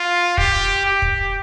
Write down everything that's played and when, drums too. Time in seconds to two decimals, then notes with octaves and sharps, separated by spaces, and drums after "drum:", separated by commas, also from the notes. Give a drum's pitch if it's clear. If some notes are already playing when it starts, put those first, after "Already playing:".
Already playing: F4
0.38 G4, drum: kick
0.86 G4
1.02 drum: kick